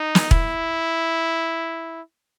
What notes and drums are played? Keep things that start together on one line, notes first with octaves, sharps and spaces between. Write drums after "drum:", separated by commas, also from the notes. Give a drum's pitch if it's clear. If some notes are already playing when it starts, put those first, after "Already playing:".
Already playing: D#4
drum: snare
E4, drum: kick E1